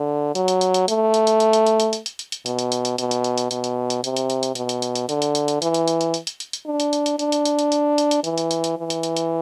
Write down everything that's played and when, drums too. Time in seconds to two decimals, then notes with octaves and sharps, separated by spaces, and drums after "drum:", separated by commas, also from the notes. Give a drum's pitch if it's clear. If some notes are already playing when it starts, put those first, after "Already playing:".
Already playing: D3
0.35 F#3, drum: hi-hat
0.48 drum: hi-hat
0.61 drum: hi-hat
0.74 drum: hi-hat
0.88 A3, drum: hi-hat
1.14 drum: hi-hat
1.27 drum: hi-hat
1.40 drum: hi-hat
1.53 drum: hi-hat
1.67 drum: hi-hat
1.80 drum: hi-hat
1.93 drum: hi-hat
2.06 drum: hi-hat
2.19 drum: hi-hat
2.32 drum: hi-hat
2.46 B2, drum: hi-hat
2.59 drum: hi-hat
2.72 drum: hi-hat
2.85 drum: hi-hat
2.98 B2, drum: hi-hat
3.11 drum: hi-hat
3.24 drum: hi-hat
3.38 drum: hi-hat
3.51 B2, drum: hi-hat
3.64 drum: hi-hat
3.90 drum: hi-hat
4.04 C3, drum: hi-hat
4.17 drum: hi-hat
4.30 drum: hi-hat
4.43 drum: hi-hat
4.55 B2, drum: hi-hat
4.69 drum: hi-hat
4.82 drum: hi-hat
4.95 drum: hi-hat
5.09 D3, drum: hi-hat
5.22 drum: hi-hat
5.35 drum: hi-hat
5.48 drum: hi-hat
5.62 E3, drum: hi-hat
5.74 drum: hi-hat
5.88 drum: hi-hat
6.01 drum: hi-hat
6.14 drum: hi-hat
6.27 drum: hi-hat
6.40 drum: hi-hat
6.53 drum: hi-hat
6.66 D4
6.80 drum: hi-hat
6.93 drum: hi-hat
7.06 drum: hi-hat
7.19 D4, drum: hi-hat
7.32 drum: hi-hat
7.45 drum: hi-hat
7.59 drum: hi-hat
7.72 drum: hi-hat
7.98 drum: hi-hat
8.11 drum: hi-hat
8.24 E3, drum: hi-hat
8.38 drum: hi-hat
8.51 drum: hi-hat
8.64 drum: hi-hat
8.77 E3
8.90 drum: hi-hat
9.03 drum: hi-hat
9.17 drum: hi-hat